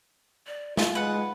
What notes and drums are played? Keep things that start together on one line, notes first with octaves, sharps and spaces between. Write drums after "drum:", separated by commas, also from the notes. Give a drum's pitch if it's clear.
D5
A3 D#4 F4 F5, drum: snare
G#3 B4 F#5